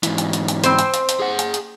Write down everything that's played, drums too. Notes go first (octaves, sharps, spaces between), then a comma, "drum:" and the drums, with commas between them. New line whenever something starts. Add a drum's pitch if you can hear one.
G#2 E3, drum: hi-hat
drum: hi-hat
drum: hi-hat
drum: hi-hat
C4 C5, drum: hi-hat
drum: hi-hat
drum: hi-hat
drum: hi-hat
G#4 F#5
drum: hi-hat
drum: hi-hat